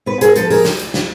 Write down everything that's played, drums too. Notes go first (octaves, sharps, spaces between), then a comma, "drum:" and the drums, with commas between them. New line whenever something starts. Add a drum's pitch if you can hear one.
B3 B4
G#4 A#4, drum: hi-hat
F3 A4 B4, drum: hi-hat
G#4 A#4, drum: open hi-hat
drum: snare
drum: hi-hat
drum: snare